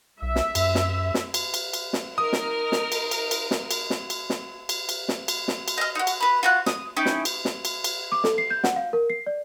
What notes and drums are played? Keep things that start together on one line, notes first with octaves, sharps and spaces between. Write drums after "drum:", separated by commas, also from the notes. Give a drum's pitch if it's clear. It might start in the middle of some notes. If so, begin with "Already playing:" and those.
B1 E5
drum: snare
F#2, drum: cymbal
drum: snare
drum: snare
drum: cymbal
drum: cymbal
drum: cymbal
drum: snare
D#4 A#4 D#6 F6
drum: snare
drum: snare
drum: cymbal
drum: cymbal
drum: cymbal
drum: snare
drum: cymbal
drum: snare
drum: cymbal
drum: snare
drum: cymbal
drum: cymbal
drum: snare
drum: cymbal
drum: snare
drum: cymbal
D#5 F6
D#4 F#4
drum: cymbal
B4 B5
F4 F#4 F#6
D#6, drum: snare
C#4 D#4 E4 G4
drum: snare
drum: cymbal
drum: snare
drum: cymbal
drum: cymbal
D6
A4, drum: snare
C7
G6
F#5, drum: snare
F5
A#4
C7
D5